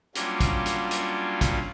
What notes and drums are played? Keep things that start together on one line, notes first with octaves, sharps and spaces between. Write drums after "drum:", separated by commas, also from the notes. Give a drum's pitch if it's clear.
F#3 G3 A#3 C#4 D4 F4, drum: hi-hat
drum: kick, hi-hat
drum: hi-hat
drum: hi-hat
drum: kick, hi-hat